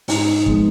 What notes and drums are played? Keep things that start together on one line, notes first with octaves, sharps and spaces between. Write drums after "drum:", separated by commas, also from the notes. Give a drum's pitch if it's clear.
G#2 D#4, drum: open hi-hat
F3 G#3 B3, drum: kick